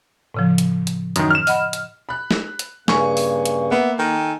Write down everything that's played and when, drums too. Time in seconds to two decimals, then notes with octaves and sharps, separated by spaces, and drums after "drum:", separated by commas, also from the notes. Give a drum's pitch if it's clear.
0.34 A2 C#3 F3
0.58 drum: hi-hat
0.87 drum: hi-hat
1.16 F#2 D#3 D#6, drum: hi-hat
1.31 F6 E7
1.47 D#5 F#5 B5, drum: open hi-hat
1.73 drum: hi-hat
2.09 B5 F#6
2.31 drum: snare
2.59 drum: hi-hat
2.88 G2 C#3 A#3 G#5 C#6, drum: snare
3.17 drum: open hi-hat
3.46 drum: hi-hat
3.71 A#3 B3 E5
3.99 D#3 A4 G#5